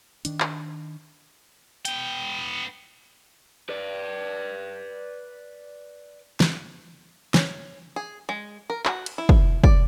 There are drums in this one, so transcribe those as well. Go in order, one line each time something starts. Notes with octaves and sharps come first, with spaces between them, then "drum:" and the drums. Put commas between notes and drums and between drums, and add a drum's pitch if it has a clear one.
D#3 D4, drum: hi-hat
drum: clap
B3 G5, drum: hi-hat
B4 D5
drum: snare
C#4, drum: snare
G#4
G#3
A#4
F#4, drum: clap
drum: cymbal
E4
drum: kick
D5, drum: kick